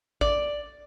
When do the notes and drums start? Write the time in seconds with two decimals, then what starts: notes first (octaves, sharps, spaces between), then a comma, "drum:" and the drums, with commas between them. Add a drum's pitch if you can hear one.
0.21 D5, drum: kick A1